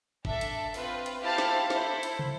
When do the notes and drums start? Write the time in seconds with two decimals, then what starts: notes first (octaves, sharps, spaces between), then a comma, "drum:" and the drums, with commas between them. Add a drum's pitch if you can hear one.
0.25 D4 A4 E5 A5, drum: kick
0.41 drum: hi-hat
0.74 C4 F4 B4, drum: open hi-hat
1.06 drum: hi-hat
1.22 E4 G4 C5 F5 A5
1.38 drum: snare
1.70 E4 A4 C5, drum: snare
2.03 drum: hi-hat
2.19 drum: tom